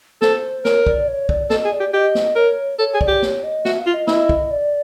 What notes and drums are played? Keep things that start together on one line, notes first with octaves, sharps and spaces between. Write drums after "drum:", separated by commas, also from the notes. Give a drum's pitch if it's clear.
A4 C5, drum: snare
A#4 C#5, drum: snare
D5, drum: kick
C#5
D5, drum: kick
A4 D#5, drum: snare
G#4
D5
G4
G4 D#5
drum: snare
A#4 C#5
A4 C#5
G#4
D5, drum: kick
G4
C#5, drum: snare
D#5
F#4 E5, drum: snare
F5
F4
D#5
E4 D#5, drum: snare
drum: kick
D5